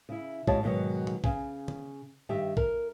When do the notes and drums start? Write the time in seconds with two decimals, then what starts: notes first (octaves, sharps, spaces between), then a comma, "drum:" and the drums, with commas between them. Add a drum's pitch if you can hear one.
0.09 C#3 E4
0.47 G#2 F4 G4 C#5 D#5 A5, drum: kick
0.63 G#2 B2 D#3 F#3
1.07 drum: tom
1.24 C#3 G#5, drum: kick
1.68 drum: tom
2.29 G2 D#3 G4 E5
2.57 A#4, drum: kick